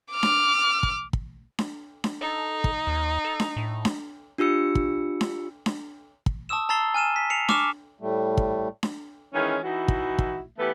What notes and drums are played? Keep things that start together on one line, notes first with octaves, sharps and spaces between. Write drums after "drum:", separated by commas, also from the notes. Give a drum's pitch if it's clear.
D6 F6
drum: snare D4
drum: kick
drum: kick
drum: snare D4
drum: snare D4
D#4 A4
drum: kick
D#2
A4
drum: snare D4
A2
drum: snare D4
D4 F4 G4 E6 C#7
drum: kick
drum: snare D4
drum: snare D4
drum: kick
A5 C#6 D#6 E6 E7
A5 A#5 E6 A6 C7 G7
G#5 F6 D#7 E7
B6
C7 C#7 E7 F7
C#6 D6 F6 E7, drum: snare D4
A2 G3 A3
drum: kick
drum: snare D4
D#3 E3 G#3 C#4
E3 D#4 E4 F#4
drum: kick
drum: kick
E3 A3 B3 G4 A4 B4